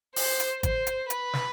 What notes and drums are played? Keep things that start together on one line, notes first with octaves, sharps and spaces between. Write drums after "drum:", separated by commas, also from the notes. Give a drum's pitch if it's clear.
C5, drum: open hi-hat
drum: hi-hat
C5, drum: kick G#1, hi-hat
drum: hi-hat
B4, drum: hi-hat
drum: snare